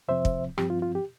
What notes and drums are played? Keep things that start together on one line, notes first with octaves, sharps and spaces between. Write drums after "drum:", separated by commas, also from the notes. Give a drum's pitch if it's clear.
F2 C3 F3 C4 C5 E5
drum: kick
G2 F3 C4 G4, drum: rim click
F4
F4
G4